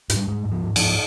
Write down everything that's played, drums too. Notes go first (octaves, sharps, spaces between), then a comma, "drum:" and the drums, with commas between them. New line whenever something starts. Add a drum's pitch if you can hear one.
G#2, drum: hi-hat
G3
G#2 G#3
G#2
F3
G#2
F3, drum: cymbal
G#2